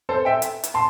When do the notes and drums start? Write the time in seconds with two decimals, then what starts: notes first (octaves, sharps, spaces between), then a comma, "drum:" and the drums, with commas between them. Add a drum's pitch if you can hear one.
0.09 A4 C5
0.25 E5 G5
0.42 drum: hi-hat
0.64 drum: hi-hat
0.74 A5 C6